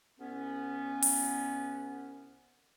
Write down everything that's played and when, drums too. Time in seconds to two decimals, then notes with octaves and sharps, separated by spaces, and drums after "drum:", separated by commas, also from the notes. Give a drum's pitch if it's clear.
0.19 C2 B3 C#4
1.02 drum: open hi-hat